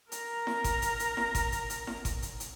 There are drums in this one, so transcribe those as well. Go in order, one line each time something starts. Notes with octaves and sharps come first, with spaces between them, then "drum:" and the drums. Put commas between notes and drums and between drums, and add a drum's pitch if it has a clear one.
A#4 A#5, drum: hi-hat
drum: snare E4
drum: kick G1, hi-hat
drum: hi-hat
drum: hi-hat
drum: snare E4
drum: kick G1, hi-hat
drum: hi-hat
drum: hi-hat
drum: snare E4
drum: kick G1, hi-hat
drum: hi-hat
drum: hi-hat